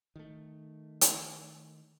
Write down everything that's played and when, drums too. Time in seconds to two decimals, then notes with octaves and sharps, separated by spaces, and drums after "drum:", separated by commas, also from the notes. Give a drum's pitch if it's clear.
0.16 D#3 A3
1.01 drum: hi-hat